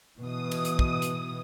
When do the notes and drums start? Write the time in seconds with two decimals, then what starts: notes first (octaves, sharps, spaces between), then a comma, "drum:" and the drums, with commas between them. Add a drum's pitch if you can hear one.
0.21 B2 E3 D#6
0.51 drum: cymbal
0.65 drum: hi-hat
0.79 drum: kick
1.02 drum: hi-hat